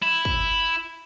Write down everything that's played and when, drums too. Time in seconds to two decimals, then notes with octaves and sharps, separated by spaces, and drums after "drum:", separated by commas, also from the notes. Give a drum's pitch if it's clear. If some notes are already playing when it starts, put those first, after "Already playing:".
0.02 E4
0.25 drum: kick